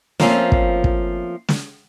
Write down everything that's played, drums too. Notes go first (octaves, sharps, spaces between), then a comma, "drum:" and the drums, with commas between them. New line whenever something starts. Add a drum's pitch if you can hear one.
F3 A3 A#3 C4 C#4 F4, drum: snare
drum: kick
drum: kick
drum: snare